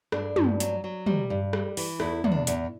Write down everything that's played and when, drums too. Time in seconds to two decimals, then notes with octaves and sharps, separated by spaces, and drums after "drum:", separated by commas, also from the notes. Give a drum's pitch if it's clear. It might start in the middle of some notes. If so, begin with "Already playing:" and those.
0.12 G2 D4, drum: rim click
0.36 G2, drum: tom
0.60 F#3, drum: hi-hat
0.84 F#3
1.06 G3, drum: tom
1.30 G2
1.53 G3, drum: rim click
1.77 E3, drum: open hi-hat
2.00 E2 E4, drum: rim click
2.24 E2, drum: tom
2.32 D4
2.47 E2, drum: hi-hat